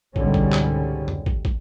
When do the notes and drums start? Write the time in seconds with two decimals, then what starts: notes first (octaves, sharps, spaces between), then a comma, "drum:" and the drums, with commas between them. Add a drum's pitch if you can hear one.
0.16 C#2 G#2 B2 D3 G3 C#4, drum: kick
0.34 drum: kick
0.53 drum: clap
1.08 drum: tom F2
1.26 drum: kick
1.45 drum: kick